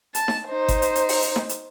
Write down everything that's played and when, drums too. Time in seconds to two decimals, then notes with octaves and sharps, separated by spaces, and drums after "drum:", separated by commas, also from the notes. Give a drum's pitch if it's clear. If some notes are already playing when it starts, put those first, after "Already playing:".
0.15 A5, drum: hi-hat
0.28 drum: snare D#4
0.48 D#4 C5
0.68 drum: kick G1, hi-hat
0.82 drum: hi-hat
0.95 drum: hi-hat
1.09 drum: open hi-hat
1.22 drum: hi-hat
1.36 drum: snare D#4
1.49 drum: hi-hat